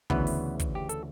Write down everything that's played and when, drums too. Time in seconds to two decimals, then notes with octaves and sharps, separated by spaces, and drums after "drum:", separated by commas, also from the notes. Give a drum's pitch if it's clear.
0.10 D2 C#3 E3 B3 B4, drum: kick
0.27 drum: open hi-hat
0.59 drum: kick, hi-hat
0.75 G4
0.89 A4, drum: hi-hat